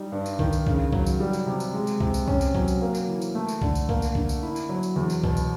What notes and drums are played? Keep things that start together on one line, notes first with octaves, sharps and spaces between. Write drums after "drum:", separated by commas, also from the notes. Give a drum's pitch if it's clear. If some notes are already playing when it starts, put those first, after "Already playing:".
Already playing: G3 D#4
G2
drum: tambourine
D#3, drum: kick
drum: tambourine
C#3, drum: kick
F#3, drum: kick
drum: tambourine
G3
drum: tambourine
C3
drum: tambourine
G#3
drum: tambourine
C3, drum: kick
drum: tambourine
C#4, drum: kick
drum: tambourine
F#3, drum: kick
drum: tambourine
A#3
drum: tambourine
E3
drum: tambourine
A3
drum: tambourine
D3, drum: kick
drum: tambourine
A#3, drum: kick
drum: tambourine
D3, drum: kick
drum: tambourine
E4
drum: tambourine
F#3
drum: tambourine
E2
drum: tambourine
B2, drum: kick
drum: tambourine